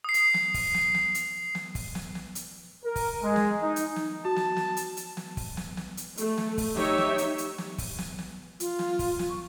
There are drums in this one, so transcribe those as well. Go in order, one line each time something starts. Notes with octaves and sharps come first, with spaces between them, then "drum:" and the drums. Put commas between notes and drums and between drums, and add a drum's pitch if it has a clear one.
D#6 C7
drum: hi-hat
drum: snare
drum: kick, open hi-hat
drum: snare
drum: snare
drum: hi-hat
drum: snare
drum: kick, open hi-hat
drum: snare
drum: snare
drum: hi-hat
A#4
drum: kick, open hi-hat
G#3
drum: snare
D#4
drum: hi-hat
drum: snare
F#4 A5
drum: snare
drum: snare
drum: hi-hat
drum: hi-hat
drum: snare
drum: kick, open hi-hat
drum: snare
drum: snare
drum: hi-hat
A3, drum: hi-hat
drum: snare
drum: kick, open hi-hat
D#4 G4 C#5 E5, drum: snare
drum: snare
drum: hi-hat
drum: hi-hat
drum: snare
drum: kick, open hi-hat
drum: snare
drum: snare
F4, drum: hi-hat
drum: snare
drum: kick, open hi-hat
drum: snare
C#6